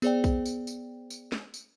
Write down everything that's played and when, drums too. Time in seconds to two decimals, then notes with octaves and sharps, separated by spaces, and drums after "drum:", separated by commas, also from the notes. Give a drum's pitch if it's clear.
0.02 B3 G#4 C5 D5 G5, drum: tambourine
0.24 drum: kick B1, tambourine
0.46 drum: tambourine
0.67 drum: tambourine
1.10 drum: tambourine
1.32 drum: snare
1.54 drum: tambourine